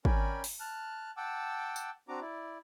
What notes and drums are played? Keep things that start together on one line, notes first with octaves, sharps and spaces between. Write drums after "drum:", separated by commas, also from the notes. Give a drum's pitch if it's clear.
C#4 A#4 D5 G5 G#5 B5, drum: kick G#1
drum: open hi-hat
A5 F6 F#6
F#5 G5 A5 D6 E6
drum: tambourine
C4 D4 F#4 A#5 D6
E4 D5